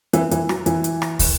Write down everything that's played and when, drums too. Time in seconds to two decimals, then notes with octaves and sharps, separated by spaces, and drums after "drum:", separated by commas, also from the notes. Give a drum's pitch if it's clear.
0.13 E3, drum: hi-hat
0.31 E3, drum: hi-hat
0.49 F#3, drum: rim click
0.66 E3, drum: hi-hat
0.84 drum: hi-hat
1.02 drum: rim click
1.19 drum: kick, open hi-hat